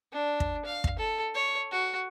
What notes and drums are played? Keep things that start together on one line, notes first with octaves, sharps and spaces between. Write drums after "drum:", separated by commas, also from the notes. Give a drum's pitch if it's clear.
D4
drum: kick
F5
drum: kick
A4
C#5
F#4